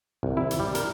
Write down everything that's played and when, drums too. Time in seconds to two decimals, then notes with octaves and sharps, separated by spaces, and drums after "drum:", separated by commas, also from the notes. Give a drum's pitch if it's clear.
0.23 C2
0.37 E4
0.51 drum: hi-hat
0.60 G3
0.75 A#4, drum: hi-hat